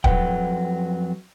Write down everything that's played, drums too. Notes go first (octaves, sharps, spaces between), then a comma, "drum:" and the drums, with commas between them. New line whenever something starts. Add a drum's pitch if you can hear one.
F2 F#3 A#3 B4 F#5 G5, drum: kick